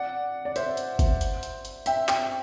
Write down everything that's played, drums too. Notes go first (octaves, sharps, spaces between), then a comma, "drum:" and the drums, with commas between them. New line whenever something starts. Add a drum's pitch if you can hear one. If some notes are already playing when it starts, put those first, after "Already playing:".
Already playing: D5 F#5
D5
C5 E5, drum: hi-hat
drum: hi-hat
drum: kick G1, hi-hat
drum: hi-hat
drum: hi-hat
drum: hi-hat
E5 G5, drum: hi-hat
E5 G5, drum: clap